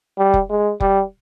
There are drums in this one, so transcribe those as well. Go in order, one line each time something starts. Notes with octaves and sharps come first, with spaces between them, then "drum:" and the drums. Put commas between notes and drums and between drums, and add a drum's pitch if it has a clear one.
G3
drum: kick F1
G#3
G3, drum: kick F1